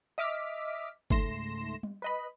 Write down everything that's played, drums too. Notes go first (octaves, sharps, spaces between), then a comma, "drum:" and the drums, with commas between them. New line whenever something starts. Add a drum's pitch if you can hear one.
D#5 E5 D6 F6 B6
C#2 G#2 A3 C6 A#6 E7, drum: kick G1
drum: tom G3
B4 D#5 B5